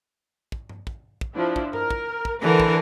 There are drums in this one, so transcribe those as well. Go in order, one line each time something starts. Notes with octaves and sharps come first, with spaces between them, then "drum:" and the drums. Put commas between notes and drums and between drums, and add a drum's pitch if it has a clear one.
drum: kick
drum: tom G2
drum: kick
drum: kick
F3 D4 E4
drum: kick
A#4, drum: tom G2
drum: kick
drum: kick
D3 E3 A#4 B4 A5
drum: kick